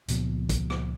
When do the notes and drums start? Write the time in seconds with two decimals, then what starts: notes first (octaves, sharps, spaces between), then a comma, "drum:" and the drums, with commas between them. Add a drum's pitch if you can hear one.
0.08 C#2 A#2 F3 B3, drum: hi-hat
0.49 drum: kick, hi-hat
0.70 drum: rim click